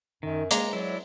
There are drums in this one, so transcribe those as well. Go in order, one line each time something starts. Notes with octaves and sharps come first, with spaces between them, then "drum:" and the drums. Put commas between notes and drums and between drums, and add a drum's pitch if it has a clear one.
F#2 D#3
G#3 A#3 A#5 D6, drum: hi-hat
F#3 E4 D5